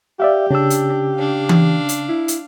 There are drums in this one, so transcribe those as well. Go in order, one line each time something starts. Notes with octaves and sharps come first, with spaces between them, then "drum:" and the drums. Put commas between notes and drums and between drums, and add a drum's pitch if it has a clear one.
G4 D5 E5 F5
C#3 C#4 D4 E6
drum: hi-hat
D4 F5
drum: tom E3
drum: hi-hat
E4
drum: hi-hat